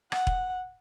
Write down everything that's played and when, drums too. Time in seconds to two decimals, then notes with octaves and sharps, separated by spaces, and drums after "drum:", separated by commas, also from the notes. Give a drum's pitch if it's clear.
0.12 F#5, drum: rim click
0.27 drum: kick E1